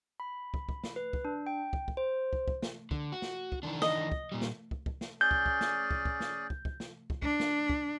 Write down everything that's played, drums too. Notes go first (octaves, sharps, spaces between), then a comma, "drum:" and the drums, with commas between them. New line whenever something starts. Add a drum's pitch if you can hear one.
B5
drum: kick
drum: kick
drum: snare
B4
drum: kick
D4
G5
drum: kick
drum: kick
C5
drum: kick
drum: kick
drum: snare
D3, drum: kick
F#4
drum: snare
drum: kick
D#3 E3 D4
D#5, drum: snare
drum: kick
A#2 G3
drum: snare
drum: kick
drum: kick
drum: snare
C#4 G#4 D5 G6
drum: kick
drum: kick
drum: snare
drum: kick
drum: kick
drum: snare
drum: kick
drum: kick
drum: snare
drum: kick
D4, drum: kick
drum: snare
drum: kick